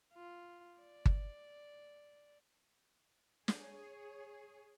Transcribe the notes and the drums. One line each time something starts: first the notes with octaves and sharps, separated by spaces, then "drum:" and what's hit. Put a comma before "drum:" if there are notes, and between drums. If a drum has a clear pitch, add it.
F4
D5
drum: kick G1
G#4 C#5, drum: snare